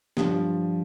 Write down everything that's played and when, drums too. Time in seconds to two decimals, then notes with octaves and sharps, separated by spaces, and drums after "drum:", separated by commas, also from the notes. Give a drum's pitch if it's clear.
0.17 G2 F3 G3, drum: snare